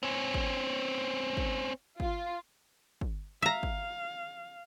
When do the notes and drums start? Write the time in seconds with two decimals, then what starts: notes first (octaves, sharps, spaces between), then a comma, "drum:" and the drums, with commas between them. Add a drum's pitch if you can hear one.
0.03 C4 C#4
0.34 drum: kick
1.37 drum: kick
2.00 F4, drum: kick
3.01 drum: kick
3.42 E5 F5 A#5
3.63 drum: kick